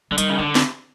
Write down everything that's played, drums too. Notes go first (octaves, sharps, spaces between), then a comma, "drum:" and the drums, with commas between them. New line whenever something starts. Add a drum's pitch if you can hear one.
D3 F#3
D#3 G3, drum: hi-hat
C#3
D3 C4
drum: snare